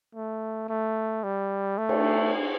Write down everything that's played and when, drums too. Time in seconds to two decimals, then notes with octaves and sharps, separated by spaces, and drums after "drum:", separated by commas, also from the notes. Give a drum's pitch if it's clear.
0.15 A3
0.69 A3
1.24 G3
1.78 A3
1.89 drum: cymbal